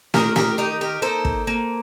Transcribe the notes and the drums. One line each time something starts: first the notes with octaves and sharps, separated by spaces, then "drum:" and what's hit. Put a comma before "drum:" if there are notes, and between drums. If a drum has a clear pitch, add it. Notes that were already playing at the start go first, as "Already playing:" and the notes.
D#3 G4 A#4, drum: snare
G4 A#4, drum: snare
D#4 G4
G4 A#4
A#3 A4 C5
drum: kick
A#3